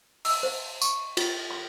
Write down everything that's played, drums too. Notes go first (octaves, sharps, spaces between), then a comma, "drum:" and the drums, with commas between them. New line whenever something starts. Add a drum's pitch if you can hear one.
E6, drum: open hi-hat
C5
C#6, drum: tambourine
F4, drum: cymbal
B5